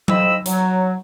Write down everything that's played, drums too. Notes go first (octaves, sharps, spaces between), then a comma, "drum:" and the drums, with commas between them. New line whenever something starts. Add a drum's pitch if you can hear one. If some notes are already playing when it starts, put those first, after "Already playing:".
F2 C4 D#5 B5 E6, drum: tom F#3
F#3, drum: hi-hat